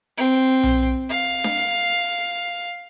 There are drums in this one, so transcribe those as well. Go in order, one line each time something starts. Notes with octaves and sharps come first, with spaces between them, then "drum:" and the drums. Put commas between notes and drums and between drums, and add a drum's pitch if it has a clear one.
C4, drum: hi-hat
drum: tom B1
F5
drum: snare D4